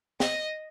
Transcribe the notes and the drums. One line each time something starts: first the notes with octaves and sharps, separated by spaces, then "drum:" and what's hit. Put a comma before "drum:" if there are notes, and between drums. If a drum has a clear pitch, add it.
D#5, drum: snare